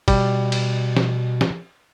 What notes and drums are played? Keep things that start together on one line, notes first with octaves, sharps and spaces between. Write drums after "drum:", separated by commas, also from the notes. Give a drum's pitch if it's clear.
B2 G3, drum: kick, cymbal
drum: cymbal
drum: snare
drum: snare